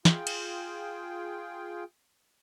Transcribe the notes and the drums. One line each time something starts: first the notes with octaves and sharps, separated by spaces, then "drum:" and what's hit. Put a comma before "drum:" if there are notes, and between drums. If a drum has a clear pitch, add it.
F4 G#4 G5, drum: snare
drum: cymbal